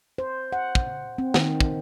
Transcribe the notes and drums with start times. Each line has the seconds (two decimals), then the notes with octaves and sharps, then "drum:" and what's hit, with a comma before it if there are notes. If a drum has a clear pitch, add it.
0.18 C5
0.52 F#5
0.75 drum: kick
1.18 C4
1.34 D#3, drum: snare
1.60 drum: kick